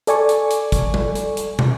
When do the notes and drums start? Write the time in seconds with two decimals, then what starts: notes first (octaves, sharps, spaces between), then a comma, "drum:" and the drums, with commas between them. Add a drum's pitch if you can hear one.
0.07 A4 D5 G#5 C#6, drum: hi-hat
0.29 drum: hi-hat
0.51 drum: hi-hat
0.72 drum: kick, hi-hat
0.94 drum: tom G3
1.16 drum: hi-hat
1.37 drum: hi-hat
1.59 drum: tom